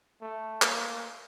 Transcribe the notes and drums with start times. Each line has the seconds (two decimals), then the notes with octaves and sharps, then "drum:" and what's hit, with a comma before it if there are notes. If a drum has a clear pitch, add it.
0.22 A3
0.62 A#3, drum: clap